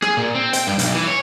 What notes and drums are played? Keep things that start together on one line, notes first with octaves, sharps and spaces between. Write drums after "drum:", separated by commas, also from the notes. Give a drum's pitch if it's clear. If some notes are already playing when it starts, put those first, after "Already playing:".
G#4, drum: rim click
A#2
C4
G5, drum: hi-hat
G2
B1, drum: hi-hat
E3
C#5